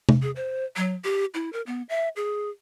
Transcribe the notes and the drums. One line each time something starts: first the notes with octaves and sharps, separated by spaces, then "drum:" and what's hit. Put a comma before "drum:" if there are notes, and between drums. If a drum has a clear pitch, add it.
drum: tom C3
G#4
C5
F#3
G4
E4
A#4
B3
E5
G#4